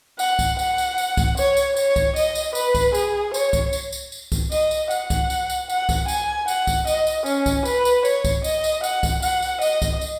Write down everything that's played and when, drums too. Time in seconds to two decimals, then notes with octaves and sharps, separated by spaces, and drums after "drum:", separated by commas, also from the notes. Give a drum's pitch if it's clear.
0.19 F#5, drum: tambourine
0.39 drum: kick C2, tambourine
0.59 F#5, drum: tambourine
0.78 drum: tambourine
0.98 drum: tambourine
1.17 drum: kick C2, tambourine
1.37 C#5, drum: tambourine
1.57 drum: tambourine
1.77 C#5, drum: tambourine
1.96 drum: kick C2, tambourine
2.16 D#5, drum: tambourine
2.35 drum: tambourine
2.55 B4, drum: tambourine
2.75 drum: kick C2, tambourine
2.95 G#4, drum: tambourine
3.34 C#5, drum: tambourine
3.53 drum: kick C2, tambourine
3.73 drum: tambourine
3.92 drum: tambourine
4.12 drum: tambourine
4.32 drum: kick C2, tambourine
4.52 D#5, drum: tambourine
4.71 drum: tambourine
4.91 F#5, drum: tambourine
5.10 drum: kick C2, tambourine
5.30 drum: tambourine
5.50 drum: tambourine
5.69 F#5, drum: tambourine
5.89 drum: kick C2, tambourine
6.08 G#5, drum: tambourine
6.48 F#5, drum: tambourine
6.67 drum: kick C2, tambourine
6.87 D#5, drum: tambourine
7.07 drum: tambourine
7.26 C#4, drum: tambourine
7.46 drum: kick C2, tambourine
7.65 B4, drum: tambourine
7.85 drum: tambourine
8.05 C#5, drum: tambourine
8.25 drum: kick C2, tambourine
8.44 D#5, drum: tambourine
8.64 drum: tambourine
8.84 F#5, drum: tambourine
9.03 drum: kick C2, tambourine
9.22 F#5, drum: tambourine
9.42 drum: tambourine
9.62 D#5, drum: tambourine
9.82 drum: kick C2, tambourine
10.01 drum: tambourine